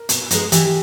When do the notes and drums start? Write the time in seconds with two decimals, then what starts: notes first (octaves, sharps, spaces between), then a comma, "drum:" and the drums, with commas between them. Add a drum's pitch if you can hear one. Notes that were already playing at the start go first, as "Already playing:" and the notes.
Already playing: A#4
0.09 B2, drum: hi-hat
0.31 G#3 B3 D#4, drum: hi-hat
0.52 E3 G4, drum: hi-hat